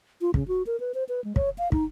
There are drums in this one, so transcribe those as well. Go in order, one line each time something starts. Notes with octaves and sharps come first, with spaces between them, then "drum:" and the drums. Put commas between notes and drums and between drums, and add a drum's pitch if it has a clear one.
F4
C#3, drum: kick
F#4
A#4
B4
C5
B4
G#3
C#5, drum: kick
F5
D#4, drum: kick